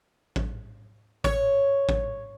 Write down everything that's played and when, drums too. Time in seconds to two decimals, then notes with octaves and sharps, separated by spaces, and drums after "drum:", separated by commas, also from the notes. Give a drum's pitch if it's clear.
0.36 drum: kick A1
1.24 C#5, drum: kick A1
1.89 drum: kick A1